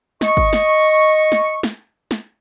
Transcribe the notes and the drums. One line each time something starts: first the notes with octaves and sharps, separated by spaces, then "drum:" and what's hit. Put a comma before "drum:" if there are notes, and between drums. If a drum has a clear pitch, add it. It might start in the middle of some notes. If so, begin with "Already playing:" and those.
D#5 C#6, drum: snare
drum: kick
drum: snare
drum: snare
drum: snare
drum: snare